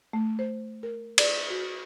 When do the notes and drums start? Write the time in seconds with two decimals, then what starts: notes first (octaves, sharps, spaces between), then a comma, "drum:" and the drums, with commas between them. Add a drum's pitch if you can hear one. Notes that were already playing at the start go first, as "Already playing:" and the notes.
0.13 A3
0.39 C5
0.83 A#4
1.18 D5, drum: cymbal
1.50 F#4